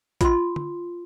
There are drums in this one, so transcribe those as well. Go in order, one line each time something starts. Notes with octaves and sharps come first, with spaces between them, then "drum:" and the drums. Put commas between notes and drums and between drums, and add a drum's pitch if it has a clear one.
F4 C6, drum: kick A1, hi-hat
drum: tom